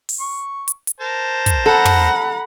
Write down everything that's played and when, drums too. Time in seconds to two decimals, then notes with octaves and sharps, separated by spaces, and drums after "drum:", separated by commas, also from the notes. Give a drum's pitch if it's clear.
0.09 drum: open hi-hat
0.20 C#6
0.68 drum: hi-hat
0.87 drum: hi-hat
1.00 A#4 C5 A5
1.46 drum: kick, hi-hat
1.66 A4 F#5 A#5 B5
1.85 drum: tom